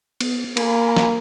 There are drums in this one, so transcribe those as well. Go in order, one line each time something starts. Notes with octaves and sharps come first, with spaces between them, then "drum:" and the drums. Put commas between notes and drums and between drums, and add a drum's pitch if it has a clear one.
B3, drum: cymbal
A#3 G#5 B5, drum: cymbal
drum: snare